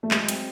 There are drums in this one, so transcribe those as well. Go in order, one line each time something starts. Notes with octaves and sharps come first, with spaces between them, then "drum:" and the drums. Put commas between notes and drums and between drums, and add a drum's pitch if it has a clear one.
A3
F#3 G#3, drum: clap
C4, drum: hi-hat